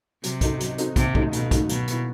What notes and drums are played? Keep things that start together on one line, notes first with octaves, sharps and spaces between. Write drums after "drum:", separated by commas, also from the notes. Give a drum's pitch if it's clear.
C3 F#3, drum: hi-hat
C4 D#4 F#4 A4, drum: kick, hi-hat
F#3, drum: hi-hat
C4 D#4 F#4 A4, drum: hi-hat
D#2 C3, drum: kick, hi-hat
D#3 A3 D#4 F#4, drum: kick
D#2 B2, drum: hi-hat
D#3 A3 D#4 F#4, drum: kick, hi-hat
B2 F#3, drum: hi-hat
B3 E4, drum: hi-hat